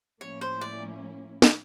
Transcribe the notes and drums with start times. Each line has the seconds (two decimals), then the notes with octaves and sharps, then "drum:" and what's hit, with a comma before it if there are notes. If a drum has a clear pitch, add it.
0.21 A2 F3 A#3 C#4 E4 C#5
0.41 C5
0.61 D5
1.42 drum: snare